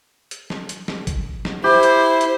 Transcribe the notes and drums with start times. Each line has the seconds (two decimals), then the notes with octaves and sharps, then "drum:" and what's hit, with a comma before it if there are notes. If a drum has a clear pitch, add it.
0.31 drum: hi-hat
0.50 drum: snare
0.69 drum: hi-hat
0.88 drum: snare
1.07 drum: kick, hi-hat
1.45 drum: snare
1.64 E4 G4 C5
1.83 drum: hi-hat
2.21 drum: hi-hat